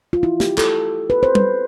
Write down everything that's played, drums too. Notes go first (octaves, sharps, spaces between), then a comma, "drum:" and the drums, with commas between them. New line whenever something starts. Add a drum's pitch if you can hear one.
F4
E4
G4, drum: snare
A4, drum: clap
B4
C5
B4, drum: tom